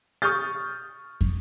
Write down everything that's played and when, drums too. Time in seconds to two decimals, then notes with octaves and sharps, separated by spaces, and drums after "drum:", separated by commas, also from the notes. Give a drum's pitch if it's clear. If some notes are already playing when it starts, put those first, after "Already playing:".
0.22 C#6 D#6 F6 G6 A6
1.21 drum: kick